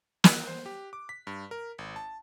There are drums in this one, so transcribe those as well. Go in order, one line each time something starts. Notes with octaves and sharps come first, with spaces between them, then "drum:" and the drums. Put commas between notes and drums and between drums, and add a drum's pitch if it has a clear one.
F#6, drum: snare
C5
G4
D6
B6
G2
A#4
G#1
A5